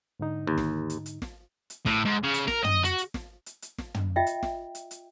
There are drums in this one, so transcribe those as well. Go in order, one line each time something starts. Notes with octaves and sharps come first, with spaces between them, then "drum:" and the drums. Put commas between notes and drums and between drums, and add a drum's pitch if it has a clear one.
G#2 D3 D#4
D#2
drum: snare
drum: hi-hat
drum: hi-hat
drum: snare
drum: hi-hat
A2, drum: snare
G#2
C#3
drum: hi-hat
A#4, drum: snare
D#5, drum: tom
F#4, drum: hi-hat
drum: hi-hat
drum: snare
drum: hi-hat
drum: hi-hat
drum: snare
drum: tom
F4 D#5 E5 G5
drum: hi-hat
drum: snare
drum: hi-hat
drum: hi-hat